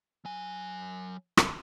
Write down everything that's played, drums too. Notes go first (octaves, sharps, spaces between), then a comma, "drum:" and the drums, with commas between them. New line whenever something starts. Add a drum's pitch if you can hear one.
F#3 G#5
drum: rim click